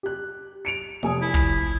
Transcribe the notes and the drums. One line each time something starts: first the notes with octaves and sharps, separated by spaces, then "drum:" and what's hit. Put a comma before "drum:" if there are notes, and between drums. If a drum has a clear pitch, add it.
G4 F#6
C#7 D7 F7
F1 G#5 D#6, drum: hi-hat
E4
drum: kick